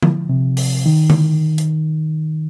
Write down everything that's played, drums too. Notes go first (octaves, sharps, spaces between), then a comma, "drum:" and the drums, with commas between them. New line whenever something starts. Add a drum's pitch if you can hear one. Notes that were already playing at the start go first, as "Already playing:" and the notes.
F3, drum: tom D3
C3
drum: open hi-hat
D#3
drum: tom D3
drum: hi-hat